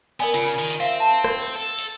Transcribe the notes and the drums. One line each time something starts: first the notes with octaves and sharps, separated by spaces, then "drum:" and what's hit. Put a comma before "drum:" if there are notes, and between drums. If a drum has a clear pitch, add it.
B3 A#4 D5 G#5
C#3 F4, drum: hi-hat
D#3
drum: hi-hat
C4 E5 F5
A5
drum: rim click
drum: hi-hat
A4
drum: hi-hat